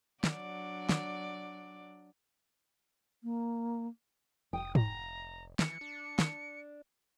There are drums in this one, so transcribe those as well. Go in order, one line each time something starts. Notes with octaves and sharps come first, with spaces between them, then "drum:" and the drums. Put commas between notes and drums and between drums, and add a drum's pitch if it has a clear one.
F#3 D4 D5, drum: snare
drum: snare
A#3
F1 G5 D#6
A#5, drum: tom G#2
E3 C#7, drum: snare
D4
drum: snare